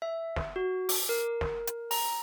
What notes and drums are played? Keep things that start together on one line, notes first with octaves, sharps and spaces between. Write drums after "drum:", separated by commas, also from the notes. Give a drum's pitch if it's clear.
E5
drum: snare
F#4
D6, drum: open hi-hat
A#4
drum: snare
drum: hi-hat
A#5, drum: open hi-hat